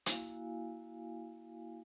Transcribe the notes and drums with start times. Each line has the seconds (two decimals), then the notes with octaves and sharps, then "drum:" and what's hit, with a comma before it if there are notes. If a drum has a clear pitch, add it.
0.06 A#3 E4 F#4 F5 G#5, drum: hi-hat